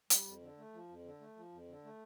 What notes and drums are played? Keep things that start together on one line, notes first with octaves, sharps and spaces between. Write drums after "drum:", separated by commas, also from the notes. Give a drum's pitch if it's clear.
G3, drum: hi-hat
F2
D3
A3
F3
F2
D3
A3
F3
F2
D3
A3